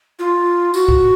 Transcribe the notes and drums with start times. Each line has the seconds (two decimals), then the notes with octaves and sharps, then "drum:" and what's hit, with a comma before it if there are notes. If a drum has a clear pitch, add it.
0.19 F4
0.74 F#4, drum: tambourine
0.88 drum: kick